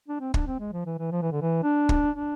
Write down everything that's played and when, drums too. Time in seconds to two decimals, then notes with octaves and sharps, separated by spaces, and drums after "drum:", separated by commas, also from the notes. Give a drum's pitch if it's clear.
0.08 D4
0.21 C4
0.34 D4, drum: kick
0.47 C4
0.60 G#3
0.73 F3
0.86 E3
0.99 E3
1.11 F3
1.22 E3
1.32 D3
1.42 E3
1.63 D4
1.89 drum: kick
2.15 D4